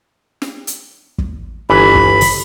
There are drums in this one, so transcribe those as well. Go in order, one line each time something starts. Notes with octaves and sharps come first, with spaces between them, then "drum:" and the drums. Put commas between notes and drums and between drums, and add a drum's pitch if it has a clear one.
drum: snare
drum: hi-hat
drum: kick
G1 E3 G#5 B5
drum: kick
drum: open hi-hat